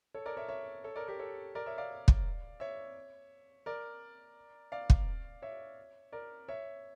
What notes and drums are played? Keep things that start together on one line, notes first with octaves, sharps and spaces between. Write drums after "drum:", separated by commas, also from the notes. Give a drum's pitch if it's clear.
A4 C#5
A#4 D5
C#5 E5
C#5 E5
A4 C#5
A#4 D5
G4 A#4
A4 C#5
A#4 D5
C#5 E5
D5 F5
drum: kick
C#5 E5
A#4 D5
D5 F5
drum: kick
C#5 E5
A#4 D5
C#5 E5